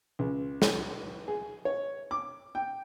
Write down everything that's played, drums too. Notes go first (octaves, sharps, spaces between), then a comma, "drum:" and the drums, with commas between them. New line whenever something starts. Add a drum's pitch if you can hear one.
C#2
drum: snare
G#4
C#5
D6
G5